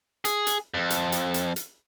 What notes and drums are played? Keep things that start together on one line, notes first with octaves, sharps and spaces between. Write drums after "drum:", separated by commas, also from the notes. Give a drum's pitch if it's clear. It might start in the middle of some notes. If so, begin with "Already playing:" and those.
G#4, drum: hi-hat
drum: hi-hat
F2
drum: hi-hat
drum: hi-hat
drum: hi-hat
drum: hi-hat